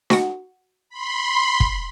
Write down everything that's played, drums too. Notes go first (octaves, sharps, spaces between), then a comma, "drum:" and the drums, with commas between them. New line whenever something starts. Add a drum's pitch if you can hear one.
F#4 F#5, drum: snare
B5 C6
drum: kick